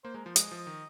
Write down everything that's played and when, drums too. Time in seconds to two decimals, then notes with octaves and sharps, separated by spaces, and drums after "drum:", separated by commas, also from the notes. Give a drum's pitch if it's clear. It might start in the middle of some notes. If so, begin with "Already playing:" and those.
0.04 A#3 C5
0.14 G#3 A#4
0.25 F3 C5
0.36 G#3 D#5, drum: hi-hat
0.51 F3
0.67 D#3